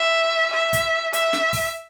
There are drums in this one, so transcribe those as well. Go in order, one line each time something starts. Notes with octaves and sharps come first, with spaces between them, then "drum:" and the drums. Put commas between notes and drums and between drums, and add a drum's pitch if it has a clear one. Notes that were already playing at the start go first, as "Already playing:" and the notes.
Already playing: E5
E5
drum: kick, hi-hat
E5, drum: hi-hat
drum: snare
drum: kick, open hi-hat